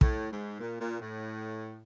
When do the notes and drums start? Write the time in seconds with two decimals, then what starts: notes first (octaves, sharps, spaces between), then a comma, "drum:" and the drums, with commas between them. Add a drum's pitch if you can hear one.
0.01 A2, drum: kick
0.31 G#2
0.60 A#2
0.80 A#2
1.00 A2